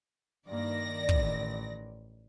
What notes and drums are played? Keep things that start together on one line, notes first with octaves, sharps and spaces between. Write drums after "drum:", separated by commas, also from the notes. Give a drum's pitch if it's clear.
G2 D#3 A#3 D5 A#6
A1, drum: kick